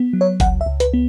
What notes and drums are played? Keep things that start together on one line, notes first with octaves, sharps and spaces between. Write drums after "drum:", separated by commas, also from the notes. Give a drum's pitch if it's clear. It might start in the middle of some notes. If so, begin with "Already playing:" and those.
Already playing: B3
F#3
C#5
C#2 F#5, drum: kick F#1, hi-hat
E5
C#2
B4, drum: hi-hat
B3